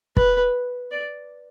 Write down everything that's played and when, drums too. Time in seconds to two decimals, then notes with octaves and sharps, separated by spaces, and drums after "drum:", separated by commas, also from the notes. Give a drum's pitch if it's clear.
0.17 B4, drum: kick
0.91 D5